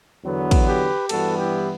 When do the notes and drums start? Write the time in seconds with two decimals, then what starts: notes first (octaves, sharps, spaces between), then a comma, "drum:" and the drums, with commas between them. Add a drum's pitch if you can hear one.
0.22 E2 D3 F#3 B3
0.51 drum: kick, cymbal
0.65 G4 B4
1.09 G2 E3 G3 B3 F#4 A4, drum: cymbal
1.38 E4 G4